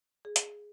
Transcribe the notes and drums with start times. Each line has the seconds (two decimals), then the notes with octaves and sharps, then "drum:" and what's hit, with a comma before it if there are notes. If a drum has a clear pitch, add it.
0.25 G#4
0.36 drum: hi-hat